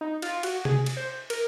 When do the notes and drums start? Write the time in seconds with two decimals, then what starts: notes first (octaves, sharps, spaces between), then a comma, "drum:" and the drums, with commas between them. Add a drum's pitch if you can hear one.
0.01 D#4
0.22 F4, drum: cymbal
0.43 F#4, drum: cymbal
0.65 G#4, drum: tom C3
0.86 drum: cymbal
0.97 C5
1.30 A#4, drum: cymbal